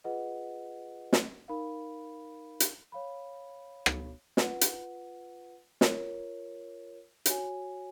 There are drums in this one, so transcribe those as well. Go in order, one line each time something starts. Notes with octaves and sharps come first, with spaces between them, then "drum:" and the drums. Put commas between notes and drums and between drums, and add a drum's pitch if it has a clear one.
F4 G#4 B4 D#5 F#5
drum: snare
D#4 A#4 F5 B5
drum: hi-hat
C#5 F5 B5
drum: rim click
F4 B4 F#5, drum: snare
drum: hi-hat
F4 A#4 C#5, drum: snare
F#4 C#5 G#5, drum: hi-hat